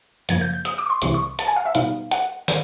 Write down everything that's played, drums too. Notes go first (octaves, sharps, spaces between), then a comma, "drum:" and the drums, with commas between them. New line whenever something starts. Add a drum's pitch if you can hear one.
F#2 C#3 F3 A#3 G#6, drum: hi-hat
G6
G6
D#6, drum: hi-hat
D6
C#6
C6
C2 C3 E3 G3 C6, drum: hi-hat
C#6
A5, drum: hi-hat
G#5
F5
E5
B2 G3 B3 D#4 F5, drum: hi-hat
F#5, drum: hi-hat
D#3, drum: open hi-hat